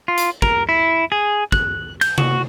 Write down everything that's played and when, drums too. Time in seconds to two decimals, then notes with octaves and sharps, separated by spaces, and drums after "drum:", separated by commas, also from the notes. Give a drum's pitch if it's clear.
0.08 F4
0.18 drum: hi-hat
0.42 A#4, drum: kick
0.69 E4
1.12 G#4
1.52 F#6, drum: kick
2.01 G6, drum: cymbal
2.18 F#4, drum: tom C3